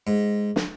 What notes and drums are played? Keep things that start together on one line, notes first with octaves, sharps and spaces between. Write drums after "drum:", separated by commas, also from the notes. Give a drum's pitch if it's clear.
G#2
drum: snare